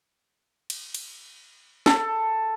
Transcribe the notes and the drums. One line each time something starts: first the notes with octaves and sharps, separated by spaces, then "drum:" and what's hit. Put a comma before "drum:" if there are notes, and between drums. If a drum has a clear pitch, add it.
drum: cymbal
drum: cymbal
A4, drum: snare